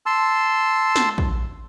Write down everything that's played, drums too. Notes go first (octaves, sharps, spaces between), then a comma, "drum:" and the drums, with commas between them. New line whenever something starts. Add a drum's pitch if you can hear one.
A5 C6 E6
drum: snare
drum: kick